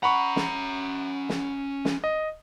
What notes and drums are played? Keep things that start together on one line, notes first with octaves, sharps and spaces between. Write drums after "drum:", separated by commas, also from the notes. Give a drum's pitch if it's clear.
C#4 F#5 A#5 B5 C#6
drum: snare
drum: snare
drum: snare
D#5